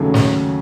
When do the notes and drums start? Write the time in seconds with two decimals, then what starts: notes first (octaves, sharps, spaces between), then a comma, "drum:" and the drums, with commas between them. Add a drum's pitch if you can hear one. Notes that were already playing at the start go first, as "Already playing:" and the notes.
Already playing: D#2 C#3 F#3 A3
0.14 drum: snare